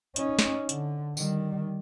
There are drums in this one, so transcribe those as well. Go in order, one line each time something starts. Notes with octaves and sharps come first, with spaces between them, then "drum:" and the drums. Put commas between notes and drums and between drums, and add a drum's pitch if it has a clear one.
C#4 D#4, drum: hi-hat
drum: snare
D3, drum: hi-hat
D#3 G3, drum: tambourine